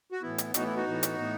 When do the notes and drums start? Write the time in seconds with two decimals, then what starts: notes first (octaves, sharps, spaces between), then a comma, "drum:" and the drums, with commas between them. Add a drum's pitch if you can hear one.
0.12 F#4
0.22 A2 E3 B3 E4
0.38 drum: hi-hat
0.54 A2 E3 B3 D#4 F#4, drum: hi-hat
0.65 E4
0.76 D#4 F#4
0.87 A2 E3 B3
1.03 drum: hi-hat
1.19 A2 E3 B3